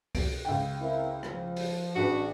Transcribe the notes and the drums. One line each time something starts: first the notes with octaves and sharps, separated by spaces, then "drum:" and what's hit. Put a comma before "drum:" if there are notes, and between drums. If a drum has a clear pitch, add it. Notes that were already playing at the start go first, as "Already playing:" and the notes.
D7, drum: kick C2, open hi-hat
C#2 G5
C4 E4 A#4
F3, drum: rim click
drum: open hi-hat
A1 D4 F#4 G#4 B4